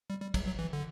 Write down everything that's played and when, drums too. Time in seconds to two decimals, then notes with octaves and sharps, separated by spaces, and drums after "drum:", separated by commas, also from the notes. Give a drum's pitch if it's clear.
0.10 G3
0.22 G3
0.34 F#3, drum: kick, cymbal
0.47 F#3
0.59 E3
0.73 D3